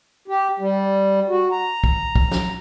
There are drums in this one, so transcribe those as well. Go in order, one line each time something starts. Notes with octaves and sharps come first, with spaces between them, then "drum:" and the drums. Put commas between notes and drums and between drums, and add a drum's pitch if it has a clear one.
G4
G3
F#4
A#5
drum: kick
drum: kick
drum: snare